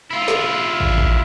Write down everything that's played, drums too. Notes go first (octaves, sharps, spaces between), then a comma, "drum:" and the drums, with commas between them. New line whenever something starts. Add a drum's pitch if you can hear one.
E4 F4
drum: snare
drum: kick
drum: kick